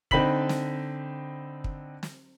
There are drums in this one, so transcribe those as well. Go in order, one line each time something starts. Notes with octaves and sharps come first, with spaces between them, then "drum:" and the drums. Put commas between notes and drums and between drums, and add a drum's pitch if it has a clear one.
D3 C4 D#4 B5 B6 F#7, drum: kick
drum: snare
drum: kick
drum: snare